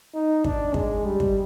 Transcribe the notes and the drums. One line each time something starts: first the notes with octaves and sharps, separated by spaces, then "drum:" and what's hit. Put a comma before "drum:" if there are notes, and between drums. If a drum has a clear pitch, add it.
D#4
D4, drum: kick
G#3, drum: kick
G3
drum: kick